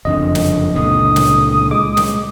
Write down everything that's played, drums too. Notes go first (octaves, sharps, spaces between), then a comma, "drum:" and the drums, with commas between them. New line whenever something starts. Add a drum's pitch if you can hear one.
F#1 F2 D3 D#5
drum: snare
C#2 A#2 D3 D#6
drum: snare
G#3 D6
drum: snare